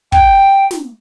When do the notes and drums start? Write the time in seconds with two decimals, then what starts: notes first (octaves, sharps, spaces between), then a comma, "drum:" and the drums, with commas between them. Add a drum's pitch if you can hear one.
0.12 G5, drum: kick
0.71 drum: snare